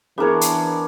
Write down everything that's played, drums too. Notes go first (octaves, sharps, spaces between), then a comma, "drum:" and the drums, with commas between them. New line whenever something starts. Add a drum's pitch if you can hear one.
E3 B3 D4 E4 G#4 A#4 C#5
drum: hi-hat